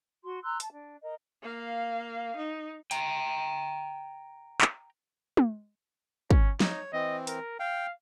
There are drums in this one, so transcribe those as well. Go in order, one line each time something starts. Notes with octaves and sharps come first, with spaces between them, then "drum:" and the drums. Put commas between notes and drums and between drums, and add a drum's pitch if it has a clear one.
F#4 C6
A#5 C6 E6 F#6
A5, drum: hi-hat
D4
A#4 D#5
A#3 F5
D#4
G5 A#5, drum: hi-hat
drum: clap
drum: tom
C#4, drum: kick
D#4 C#5, drum: snare
E3 C4 D#5
A#4, drum: hi-hat
F5 G5